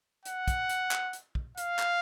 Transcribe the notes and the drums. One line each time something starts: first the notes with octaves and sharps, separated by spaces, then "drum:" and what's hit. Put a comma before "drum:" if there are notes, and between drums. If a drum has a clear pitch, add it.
F#5, drum: hi-hat
drum: kick, hi-hat
drum: hi-hat
drum: clap
drum: hi-hat
drum: kick
F5, drum: hi-hat
drum: clap